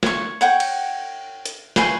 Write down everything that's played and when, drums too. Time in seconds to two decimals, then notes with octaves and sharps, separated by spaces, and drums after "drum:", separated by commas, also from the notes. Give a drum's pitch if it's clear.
0.03 C#5 C#6, drum: snare
0.41 C#5 F#5 G5
0.60 drum: cymbal
1.46 drum: hi-hat
1.76 B4 C5 G#5 C#6, drum: snare